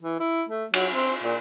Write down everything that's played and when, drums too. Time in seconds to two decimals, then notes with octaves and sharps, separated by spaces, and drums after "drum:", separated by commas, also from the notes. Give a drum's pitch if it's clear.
0.03 E3
0.20 E4
0.49 A3
0.73 F#3, drum: cymbal
0.94 C4
1.24 A#2